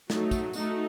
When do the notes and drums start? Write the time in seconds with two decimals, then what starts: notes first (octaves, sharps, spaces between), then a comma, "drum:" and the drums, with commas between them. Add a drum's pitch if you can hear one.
0.10 F#3 A3 D#4, drum: snare
0.31 drum: kick, tambourine
0.53 A3 D#4 F#4, drum: tambourine